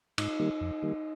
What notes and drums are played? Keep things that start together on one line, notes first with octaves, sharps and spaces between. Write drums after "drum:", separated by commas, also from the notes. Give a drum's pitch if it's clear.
G#2 D#4, drum: cymbal
D#3 G3 A#3
F2
D#3 G3 A#3